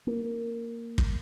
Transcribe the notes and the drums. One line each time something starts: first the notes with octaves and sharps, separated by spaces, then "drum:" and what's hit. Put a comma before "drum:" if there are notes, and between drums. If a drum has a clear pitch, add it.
A#3
drum: kick